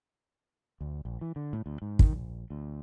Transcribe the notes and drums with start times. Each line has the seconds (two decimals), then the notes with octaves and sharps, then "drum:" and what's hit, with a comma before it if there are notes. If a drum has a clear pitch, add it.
0.81 D2
1.05 A#1
1.21 E3
1.36 D3
1.53 A2
1.66 D2
1.82 G#2
1.99 D#3, drum: kick
2.13 A#1
2.50 D2